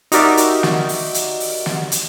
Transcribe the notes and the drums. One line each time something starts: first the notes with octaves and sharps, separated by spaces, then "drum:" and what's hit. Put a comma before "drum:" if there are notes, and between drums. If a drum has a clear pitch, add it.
D#4 F#4 G4 A#4 D5 E5, drum: hi-hat
drum: hi-hat
drum: snare
drum: open hi-hat
drum: hi-hat
drum: open hi-hat
drum: snare
drum: hi-hat